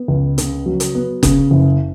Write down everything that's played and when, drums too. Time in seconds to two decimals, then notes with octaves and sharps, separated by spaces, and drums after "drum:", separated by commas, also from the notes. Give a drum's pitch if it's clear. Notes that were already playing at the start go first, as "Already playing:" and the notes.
Already playing: B3
0.08 C#2
0.38 C#3, drum: hi-hat
0.66 F#3
0.80 drum: hi-hat
0.95 B3
1.23 C#3, drum: kick F#1, hi-hat
1.51 F#1